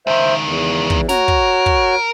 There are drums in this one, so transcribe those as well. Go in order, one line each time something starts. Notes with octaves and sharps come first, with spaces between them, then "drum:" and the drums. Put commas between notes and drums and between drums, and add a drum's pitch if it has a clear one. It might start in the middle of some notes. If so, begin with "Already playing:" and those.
C#2 D#3 C5 E5
E2
drum: kick
F#4 A#4 C#5, drum: snare
drum: kick
drum: kick